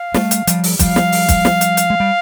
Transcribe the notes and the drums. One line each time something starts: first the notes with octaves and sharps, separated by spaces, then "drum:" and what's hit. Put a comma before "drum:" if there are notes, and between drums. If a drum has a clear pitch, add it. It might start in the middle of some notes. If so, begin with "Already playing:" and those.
Already playing: F5
G3 A3, drum: snare
drum: hi-hat
F3 G3, drum: hi-hat
drum: open hi-hat
F3 G3 F5, drum: kick, hi-hat
drum: snare
drum: open hi-hat
drum: kick, hi-hat
drum: snare
drum: hi-hat
drum: hi-hat
G#3
G3